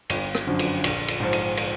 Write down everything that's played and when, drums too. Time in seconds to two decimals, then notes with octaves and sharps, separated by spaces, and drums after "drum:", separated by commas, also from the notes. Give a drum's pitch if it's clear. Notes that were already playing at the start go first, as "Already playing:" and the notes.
0.10 G1, drum: cymbal
0.35 drum: rim click
0.47 F#2 D3 F3
0.59 drum: cymbal
0.84 A#1, drum: cymbal
1.08 drum: cymbal
1.20 G#2 F3
1.33 drum: cymbal
1.57 drum: cymbal